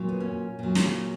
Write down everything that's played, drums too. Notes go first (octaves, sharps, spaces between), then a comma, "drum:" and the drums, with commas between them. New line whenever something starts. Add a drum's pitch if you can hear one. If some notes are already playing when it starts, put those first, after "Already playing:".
Already playing: A#2 F#3
B3
C#4
A#2 F#3
drum: snare